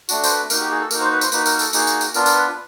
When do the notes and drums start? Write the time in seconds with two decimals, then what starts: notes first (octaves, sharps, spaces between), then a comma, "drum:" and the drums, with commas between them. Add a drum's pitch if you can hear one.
0.09 A3 D4 F#4, drum: tambourine
0.24 C5, drum: tambourine
0.30 B4
0.50 A#3 D#4 F#4 A#4, drum: tambourine
0.60 G4
0.71 G#4
0.81 A4
0.91 A#3 D#4 F#4 A#4, drum: tambourine
1.01 C5
1.12 B4
1.21 C5, drum: tambourine
1.32 A#3 D#4 F#4 B4, drum: tambourine
1.46 A#4, drum: tambourine
1.59 A4, drum: tambourine
1.73 A#3 D#4 F#4 G#4, drum: tambourine
1.87 drum: tambourine
2.01 drum: tambourine
2.14 B3 D4 F4 A#4, drum: tambourine
2.26 A#4, drum: tambourine
2.35 B4